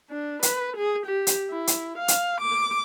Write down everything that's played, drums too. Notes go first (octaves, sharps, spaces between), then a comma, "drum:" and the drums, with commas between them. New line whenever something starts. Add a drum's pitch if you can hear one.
D4
B4, drum: hi-hat
G#4
G4
drum: hi-hat
E4
drum: hi-hat
F5
drum: hi-hat
D6